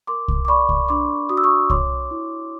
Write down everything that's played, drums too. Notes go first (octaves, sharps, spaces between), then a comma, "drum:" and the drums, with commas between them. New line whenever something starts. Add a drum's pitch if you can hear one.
A#4 C6 D6
drum: kick C2
D6
D5 B5 C#6
drum: kick C2
D4 C6 D6
F#4 D#6
E6
C#6 D#6
C#5 C6 D6, drum: kick C2
E4